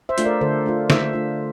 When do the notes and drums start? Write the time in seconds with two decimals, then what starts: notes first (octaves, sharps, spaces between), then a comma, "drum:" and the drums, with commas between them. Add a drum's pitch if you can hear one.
0.09 C5 E5
0.18 A3 D4 F4, drum: hi-hat
0.25 A#4 D5
0.41 D3 A4 C5
0.66 A3 D4 F4
0.90 D3 C5 E5, drum: snare
1.13 A3 D4 F4